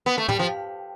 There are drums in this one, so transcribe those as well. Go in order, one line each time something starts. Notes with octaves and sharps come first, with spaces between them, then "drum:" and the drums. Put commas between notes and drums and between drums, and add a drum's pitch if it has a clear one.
B3
A3
G3, drum: tom
F3